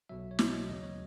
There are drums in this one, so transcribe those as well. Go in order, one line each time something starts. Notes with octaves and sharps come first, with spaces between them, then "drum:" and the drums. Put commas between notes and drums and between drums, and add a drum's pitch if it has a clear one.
B1 B2 F#3 E5
C#5
B1 B2 F#3 D#5, drum: snare
D#2 C#3 F#3 D#5
C#5